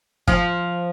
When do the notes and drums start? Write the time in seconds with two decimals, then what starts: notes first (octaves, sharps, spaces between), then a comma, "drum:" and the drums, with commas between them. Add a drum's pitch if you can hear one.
0.28 F3, drum: kick